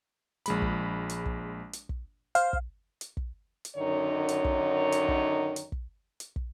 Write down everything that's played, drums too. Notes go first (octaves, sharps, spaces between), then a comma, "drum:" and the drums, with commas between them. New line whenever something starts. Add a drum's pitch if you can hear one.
A#1 G#3 B5, drum: hi-hat
drum: kick
drum: hi-hat
drum: kick
drum: hi-hat
drum: kick
C5 F5, drum: hi-hat
drum: kick
drum: hi-hat
drum: kick
drum: hi-hat
F#2 D3 D#3 D#4 C#5
drum: hi-hat
drum: kick
drum: hi-hat
drum: kick
drum: hi-hat
drum: kick
drum: hi-hat
drum: kick